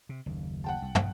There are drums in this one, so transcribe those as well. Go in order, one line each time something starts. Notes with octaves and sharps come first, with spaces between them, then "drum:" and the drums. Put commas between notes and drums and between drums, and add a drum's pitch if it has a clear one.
C3
F#1 D#2
F#5 G5 A5
C2
B1 C#3, drum: tom